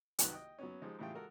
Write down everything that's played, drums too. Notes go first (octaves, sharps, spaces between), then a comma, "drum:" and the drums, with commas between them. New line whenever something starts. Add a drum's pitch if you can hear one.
C2 D#3 F#3 F#4 B4 A5, drum: hi-hat
D#5 G5
F#3 B3 C#4
F3 G#3 D#4 G4
A2 C#3 E3 G3 F4 G5
G#3 F#4 A4 A#4 F#5